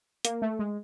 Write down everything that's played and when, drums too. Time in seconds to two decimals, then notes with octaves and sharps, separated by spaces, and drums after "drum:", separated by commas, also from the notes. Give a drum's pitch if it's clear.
0.25 A#3, drum: hi-hat
0.42 A3
0.59 G#3